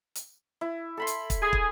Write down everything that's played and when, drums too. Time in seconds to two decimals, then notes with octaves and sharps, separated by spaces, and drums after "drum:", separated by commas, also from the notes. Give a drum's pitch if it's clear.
0.15 drum: hi-hat
0.61 E4
0.97 A4 B5 C6
1.07 drum: hi-hat
1.30 drum: kick, hi-hat
1.41 G#4
1.53 drum: kick